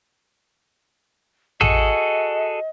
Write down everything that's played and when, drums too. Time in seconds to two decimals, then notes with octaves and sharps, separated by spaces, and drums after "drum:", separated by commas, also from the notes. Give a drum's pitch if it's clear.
1.61 F#4 G#4 A4 D#5, drum: tom A1